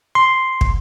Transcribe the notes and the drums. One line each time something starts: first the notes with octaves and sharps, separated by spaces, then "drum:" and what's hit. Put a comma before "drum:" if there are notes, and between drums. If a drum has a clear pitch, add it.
C6
drum: kick